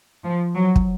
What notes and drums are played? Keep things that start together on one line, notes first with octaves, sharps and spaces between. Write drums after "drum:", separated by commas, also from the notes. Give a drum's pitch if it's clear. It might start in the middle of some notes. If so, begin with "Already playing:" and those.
F3
F#3
drum: kick